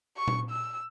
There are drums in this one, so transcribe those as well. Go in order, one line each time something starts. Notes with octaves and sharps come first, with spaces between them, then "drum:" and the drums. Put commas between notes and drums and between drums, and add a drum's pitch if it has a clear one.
C#6
drum: tom A#2
E6